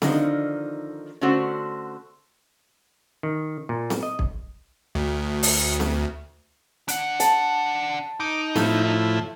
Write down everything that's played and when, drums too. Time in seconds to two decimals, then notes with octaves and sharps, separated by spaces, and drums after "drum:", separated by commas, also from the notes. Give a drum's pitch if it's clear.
0.02 D3 D#3 F3 D#4, drum: snare C4
1.21 D3 A3 C4 C#4 F#4 C5
3.23 D#3
3.69 A#2
3.90 drum: snare C4
4.03 D#5
4.19 drum: kick
4.95 D2
5.43 drum: open hi-hat
5.80 drum: snare C4
6.88 D4 F#5, drum: hi-hat
7.20 A5, drum: hi-hat
8.20 D#4 D6
8.56 A2 F3 E4, drum: snare C4